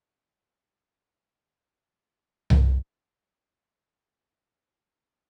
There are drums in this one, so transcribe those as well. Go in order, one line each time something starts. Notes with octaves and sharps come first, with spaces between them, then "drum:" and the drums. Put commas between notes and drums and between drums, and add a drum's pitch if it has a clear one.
A#4 G5
D5 C#6
drum: tom C2
A#4
A#4